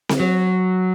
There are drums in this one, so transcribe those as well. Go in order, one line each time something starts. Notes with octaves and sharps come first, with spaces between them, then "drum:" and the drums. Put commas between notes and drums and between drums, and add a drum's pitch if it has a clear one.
drum: snare C4
F#3